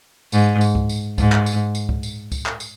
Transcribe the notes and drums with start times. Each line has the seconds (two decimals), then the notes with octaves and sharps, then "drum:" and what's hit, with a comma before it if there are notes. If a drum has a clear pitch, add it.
0.32 G#2, drum: tambourine
0.61 drum: tambourine
0.75 drum: kick C#2
0.89 drum: tambourine
1.18 G#2, drum: kick C#2, tambourine
1.32 drum: clap
1.46 drum: tambourine
1.75 drum: tambourine
1.89 drum: kick C#2
2.03 drum: tambourine
2.32 drum: kick C#2, tambourine
2.46 drum: clap
2.60 drum: tambourine